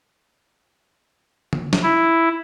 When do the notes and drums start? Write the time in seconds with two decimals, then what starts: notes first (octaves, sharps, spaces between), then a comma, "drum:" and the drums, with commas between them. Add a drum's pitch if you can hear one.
1.53 drum: tom
1.73 drum: snare
1.83 E4